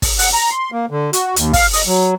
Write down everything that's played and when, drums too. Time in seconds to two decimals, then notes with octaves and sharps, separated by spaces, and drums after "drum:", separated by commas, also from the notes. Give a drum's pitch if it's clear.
0.02 drum: kick, open hi-hat
0.19 F#5, drum: open hi-hat
0.34 A#5
0.50 C6
0.72 A#3
0.91 D3
1.13 F#4, drum: hi-hat
1.36 D#2, drum: hi-hat
1.53 F5, drum: kick, open hi-hat
1.73 D#5, drum: open hi-hat
1.87 F#3